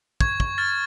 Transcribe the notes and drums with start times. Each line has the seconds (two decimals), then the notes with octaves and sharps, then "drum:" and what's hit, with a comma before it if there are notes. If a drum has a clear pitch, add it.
0.20 C#6 G#6, drum: kick
0.40 C#6, drum: kick
0.58 F6 A6